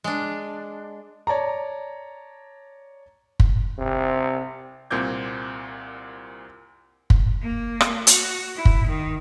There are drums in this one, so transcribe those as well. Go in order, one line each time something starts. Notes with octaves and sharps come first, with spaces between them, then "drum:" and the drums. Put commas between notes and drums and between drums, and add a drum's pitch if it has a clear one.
G#3 D4
C#5 D5 A5 A#5
drum: kick
C3
C2 A#2 C4 D6 G6 G#6
drum: kick
A#3
drum: rim click
F#4, drum: hi-hat
E4
drum: kick
D#3